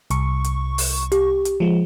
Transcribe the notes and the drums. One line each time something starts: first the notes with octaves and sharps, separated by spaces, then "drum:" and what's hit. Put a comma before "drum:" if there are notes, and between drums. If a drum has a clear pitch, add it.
C2 C#6, drum: hi-hat
drum: hi-hat
drum: open hi-hat
G4, drum: hi-hat
drum: hi-hat
F3 G#3